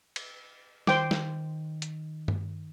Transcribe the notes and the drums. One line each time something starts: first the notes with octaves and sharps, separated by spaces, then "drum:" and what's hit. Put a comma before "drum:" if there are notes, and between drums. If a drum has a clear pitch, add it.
drum: cymbal
D#3 C5 G5 D6, drum: snare
drum: snare
drum: hi-hat
drum: tom G2